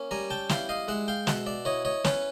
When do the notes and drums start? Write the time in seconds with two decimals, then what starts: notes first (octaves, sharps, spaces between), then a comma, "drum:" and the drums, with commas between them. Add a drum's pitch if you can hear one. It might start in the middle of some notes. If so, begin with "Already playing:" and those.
Already playing: A#3 C#4
0.11 G3 G#5 A#5
0.30 G5 A5
0.49 E4 F5 G5, drum: snare
0.69 D#5 F5
0.88 G#3 E5 F#5
1.08 F5 G5
1.27 B2 E5 F#5, drum: snare
1.46 D5 E5
1.65 E4 C#5 D#5
1.85 C#5 D#5
2.04 C#4 B4 C#5, drum: snare